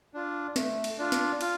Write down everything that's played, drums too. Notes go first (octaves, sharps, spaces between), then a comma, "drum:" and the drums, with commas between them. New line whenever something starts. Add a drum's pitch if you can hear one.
D4 F4
A3, drum: snare
drum: cymbal
D4 F4
drum: snare
F4, drum: cymbal